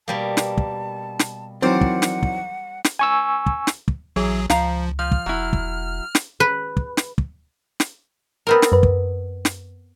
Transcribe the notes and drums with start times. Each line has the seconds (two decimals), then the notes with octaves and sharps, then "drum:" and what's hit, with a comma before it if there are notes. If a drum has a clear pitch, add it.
0.08 B2 G3 A#3 A5
0.37 drum: snare
0.57 drum: kick
1.19 drum: snare
1.62 D#3 E3 F#3 C4 A#4 C5 D5 F#5
1.81 drum: kick
2.02 drum: snare
2.23 drum: kick
2.84 drum: snare
2.99 G#5 C#6 E6
3.46 drum: kick
3.67 drum: snare
3.88 drum: kick
4.16 A#1 E3 F#3 G#4
4.50 C#2 F3 F5 A#5, drum: snare
4.99 F3 F6
5.11 drum: kick
5.26 E1 F#3 E4
5.53 drum: kick
6.15 drum: snare
6.40 B4
6.77 drum: kick
6.97 drum: snare
7.18 drum: kick
7.80 drum: snare
8.47 B3 C4 A#4
8.62 drum: snare
8.72 F#2 B4
8.83 drum: kick
9.45 drum: snare